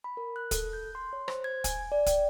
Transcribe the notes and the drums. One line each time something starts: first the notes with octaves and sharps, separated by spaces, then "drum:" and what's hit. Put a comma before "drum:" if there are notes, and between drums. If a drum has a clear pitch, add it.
B5
A#4
F#6
A4, drum: kick, hi-hat
G6
C6
C#5
C5, drum: rim click
G#6
G#5, drum: kick, hi-hat
D5
G5, drum: kick, hi-hat